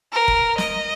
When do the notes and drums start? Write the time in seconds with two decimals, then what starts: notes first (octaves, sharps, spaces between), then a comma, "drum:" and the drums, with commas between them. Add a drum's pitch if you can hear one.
0.13 A#4
0.28 drum: kick F1
0.58 D#5, drum: snare